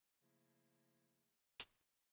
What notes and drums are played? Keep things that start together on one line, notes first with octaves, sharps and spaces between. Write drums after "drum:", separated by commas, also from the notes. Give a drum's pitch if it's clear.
C#3 F3 A3 A#3 E4 G#4
drum: hi-hat